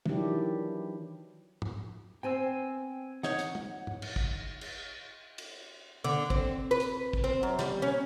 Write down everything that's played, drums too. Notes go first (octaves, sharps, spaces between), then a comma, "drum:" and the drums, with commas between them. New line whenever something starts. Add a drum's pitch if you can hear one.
D#3 E3 F#3 D4 E4 G4, drum: tom
drum: tom
B3 C4 C5 G5 G#5 E6
D#4 C#5 F#5, drum: snare
drum: hi-hat
drum: tom
drum: tom
drum: cymbal
drum: kick
drum: cymbal
drum: cymbal
D3
C4, drum: kick
B4
drum: hi-hat
drum: kick
C4
F#2
G3, drum: snare
C#4